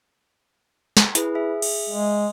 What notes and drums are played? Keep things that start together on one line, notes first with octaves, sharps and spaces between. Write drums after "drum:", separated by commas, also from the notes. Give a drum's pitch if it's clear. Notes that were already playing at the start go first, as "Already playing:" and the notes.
drum: snare
E4 G#4 B4, drum: hi-hat
G#4 E5
drum: cymbal
G#3